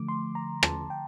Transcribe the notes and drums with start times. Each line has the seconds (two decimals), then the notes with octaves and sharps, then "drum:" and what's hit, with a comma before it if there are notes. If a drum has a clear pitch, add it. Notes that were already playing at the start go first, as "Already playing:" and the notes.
Already playing: D3 F3 A3 D6
0.08 C6
0.35 A#5
0.63 A5, drum: rim click
0.90 G5